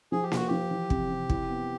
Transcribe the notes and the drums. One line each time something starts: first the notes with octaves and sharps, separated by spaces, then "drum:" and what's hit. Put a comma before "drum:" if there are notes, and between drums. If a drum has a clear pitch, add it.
F3 G#4
G4
F4 F#4, drum: snare A#3
F3 G4
E3
C3, drum: kick
C3
E4, drum: kick
B3